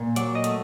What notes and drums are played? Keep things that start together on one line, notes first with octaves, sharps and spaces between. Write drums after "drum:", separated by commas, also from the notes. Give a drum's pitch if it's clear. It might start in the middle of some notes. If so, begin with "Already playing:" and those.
Already playing: A#2
F#3 D5, drum: hi-hat
D#5
A3, drum: hi-hat